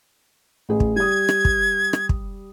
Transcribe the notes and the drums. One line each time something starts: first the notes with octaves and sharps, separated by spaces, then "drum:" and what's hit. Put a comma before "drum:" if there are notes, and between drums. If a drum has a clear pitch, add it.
A1 G#4
drum: kick
G3 D#6 G#6
drum: rim click
drum: kick
drum: rim click
drum: kick